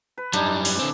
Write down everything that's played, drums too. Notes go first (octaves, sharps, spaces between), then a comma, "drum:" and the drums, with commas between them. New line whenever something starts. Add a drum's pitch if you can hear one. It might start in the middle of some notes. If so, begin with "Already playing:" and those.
B4
F#2 G3 D4 D#4 G#5, drum: hi-hat
E3
drum: open hi-hat
D3 C4